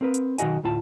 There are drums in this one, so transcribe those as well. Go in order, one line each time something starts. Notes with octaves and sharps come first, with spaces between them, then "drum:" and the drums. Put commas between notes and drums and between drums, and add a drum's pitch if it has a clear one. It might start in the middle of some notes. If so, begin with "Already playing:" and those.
C4 A#4 B4
drum: hi-hat
B1 D#3 C4 F#4 D#5 G#5, drum: hi-hat
D2 A2 F4 A5